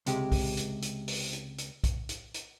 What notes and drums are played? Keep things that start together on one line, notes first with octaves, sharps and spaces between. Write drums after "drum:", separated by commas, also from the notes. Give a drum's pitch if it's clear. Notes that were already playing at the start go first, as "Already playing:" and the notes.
C#2 C3 G#3 G4, drum: hi-hat
drum: kick, open hi-hat
drum: hi-hat
drum: hi-hat
drum: open hi-hat
drum: hi-hat
drum: hi-hat
drum: kick, hi-hat
drum: hi-hat
drum: hi-hat